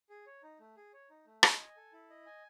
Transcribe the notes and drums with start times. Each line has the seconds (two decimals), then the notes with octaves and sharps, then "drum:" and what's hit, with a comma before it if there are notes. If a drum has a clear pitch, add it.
0.10 G#4
0.26 C#5
0.43 D#4
0.60 A3
0.77 G#4
0.93 C#5
1.10 D#4
1.26 A3
1.43 D#5, drum: rim click
1.59 G#5
1.77 A4
1.93 E4
2.10 D#5
2.26 G#5